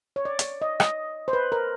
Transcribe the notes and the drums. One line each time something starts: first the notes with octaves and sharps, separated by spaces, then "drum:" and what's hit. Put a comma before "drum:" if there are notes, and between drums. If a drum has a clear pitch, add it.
C#5
D5
drum: hi-hat
D#5
D#5, drum: rim click
C5
B4
A#4